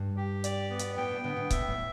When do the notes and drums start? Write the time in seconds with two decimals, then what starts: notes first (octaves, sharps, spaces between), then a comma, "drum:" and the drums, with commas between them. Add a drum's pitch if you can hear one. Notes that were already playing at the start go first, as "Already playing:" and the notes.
Already playing: G2
0.17 G4
0.44 D5, drum: hi-hat
0.70 B3
0.79 drum: hi-hat
0.97 A2 G5
1.10 B2
1.23 A2 D3 B3
1.36 A2 D3
1.50 B2 E5, drum: kick C#1, hi-hat
1.68 A2